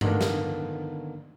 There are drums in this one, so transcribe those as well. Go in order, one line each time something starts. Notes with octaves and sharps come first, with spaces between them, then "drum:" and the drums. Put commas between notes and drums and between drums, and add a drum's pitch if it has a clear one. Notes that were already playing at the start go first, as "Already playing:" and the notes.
D3 D#3 A#3 B3 D4 A#4, drum: tom G2
drum: snare